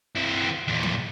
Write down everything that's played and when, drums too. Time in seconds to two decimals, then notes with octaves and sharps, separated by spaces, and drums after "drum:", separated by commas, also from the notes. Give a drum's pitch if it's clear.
0.15 E3 C4
0.68 E2 A#2
0.83 drum: tom